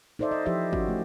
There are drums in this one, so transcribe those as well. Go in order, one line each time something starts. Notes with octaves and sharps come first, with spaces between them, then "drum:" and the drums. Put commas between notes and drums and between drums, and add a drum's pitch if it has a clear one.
D#4 A4 C5 D5 E5
D#5
F3 E4 G4 C5 D#5 E5
C#4 F#4, drum: kick G#1
A3